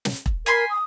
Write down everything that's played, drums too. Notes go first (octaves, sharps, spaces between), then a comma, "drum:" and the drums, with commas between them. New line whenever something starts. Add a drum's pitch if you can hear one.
drum: snare
drum: kick E1
A#4 G#5 B5 C6
D#6